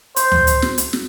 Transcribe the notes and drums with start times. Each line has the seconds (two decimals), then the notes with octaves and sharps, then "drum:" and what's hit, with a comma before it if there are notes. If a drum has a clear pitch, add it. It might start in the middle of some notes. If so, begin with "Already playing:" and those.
0.16 C5, drum: hi-hat
0.32 drum: tom D2
0.47 drum: hi-hat
0.62 drum: snare
0.78 drum: hi-hat
0.93 drum: snare